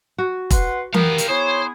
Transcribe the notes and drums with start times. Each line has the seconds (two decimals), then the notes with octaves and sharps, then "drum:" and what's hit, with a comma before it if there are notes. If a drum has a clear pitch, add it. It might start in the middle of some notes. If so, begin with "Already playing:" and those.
0.18 F#4
0.51 B4 F#5 C6, drum: kick, hi-hat
0.94 B3 G4 A#4 F5, drum: tom E3
1.18 drum: hi-hat
1.28 B3 E4 G#4 C5 C#5